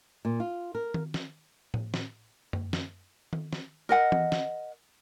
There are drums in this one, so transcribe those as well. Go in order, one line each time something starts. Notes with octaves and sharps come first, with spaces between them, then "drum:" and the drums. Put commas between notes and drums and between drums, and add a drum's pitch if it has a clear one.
A#2
F4
A#4
drum: tom D#3
drum: snare
drum: tom A2
drum: snare
drum: tom F#2
drum: snare
drum: tom D#3
drum: snare
A#4 D#5 F#5
drum: tom E3
drum: snare